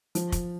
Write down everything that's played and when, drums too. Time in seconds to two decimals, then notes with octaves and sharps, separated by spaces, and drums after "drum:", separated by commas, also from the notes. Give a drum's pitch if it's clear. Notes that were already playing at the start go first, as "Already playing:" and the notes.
0.15 F3, drum: hi-hat
0.32 drum: kick, hi-hat